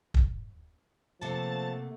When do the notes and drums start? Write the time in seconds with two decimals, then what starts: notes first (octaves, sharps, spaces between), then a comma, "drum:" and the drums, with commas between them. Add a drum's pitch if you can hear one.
0.14 drum: kick
1.21 C3 F3 A3 A#3 F#5 A5